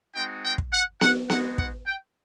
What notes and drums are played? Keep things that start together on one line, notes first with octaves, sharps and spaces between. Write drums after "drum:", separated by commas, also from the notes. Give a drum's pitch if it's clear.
G#3 C4 D#4 F#4 G5
G5
drum: kick
F#5
F#5, drum: snare B3
G#3 B3 D#4 F#4 F#5, drum: snare B3
F#5, drum: kick
G5